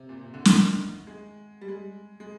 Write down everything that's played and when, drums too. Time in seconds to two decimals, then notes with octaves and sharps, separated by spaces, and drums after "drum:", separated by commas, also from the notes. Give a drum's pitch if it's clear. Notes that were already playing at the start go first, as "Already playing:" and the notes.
Already playing: C3
0.09 A#2
0.21 C3
0.34 D3
0.45 D#3, drum: snare
1.07 G#3
1.61 G3
1.68 G#3
2.20 G#3